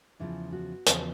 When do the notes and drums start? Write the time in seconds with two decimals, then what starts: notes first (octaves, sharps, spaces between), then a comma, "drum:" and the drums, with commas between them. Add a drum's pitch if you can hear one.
0.20 E2 C#3 F3 E4
0.53 F#4
0.86 E2 C#3 F3, drum: hi-hat